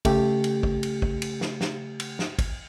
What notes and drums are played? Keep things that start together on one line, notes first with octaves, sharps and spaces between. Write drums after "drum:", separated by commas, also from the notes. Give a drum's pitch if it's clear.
C#3 A3 G4, drum: kick, cymbal
drum: cymbal
drum: kick
drum: cymbal
drum: kick
drum: cymbal
drum: snare
drum: snare
drum: cymbal
drum: snare
drum: kick, cymbal